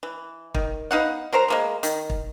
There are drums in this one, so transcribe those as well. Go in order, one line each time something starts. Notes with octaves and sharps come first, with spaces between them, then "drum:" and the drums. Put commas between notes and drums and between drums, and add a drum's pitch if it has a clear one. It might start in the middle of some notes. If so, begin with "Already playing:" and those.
E3
D#3, drum: kick
B3 D#4 F5 F#5
F#3 A#4 C5 A#5
G#3 A#3 B3
D#3, drum: hi-hat
drum: kick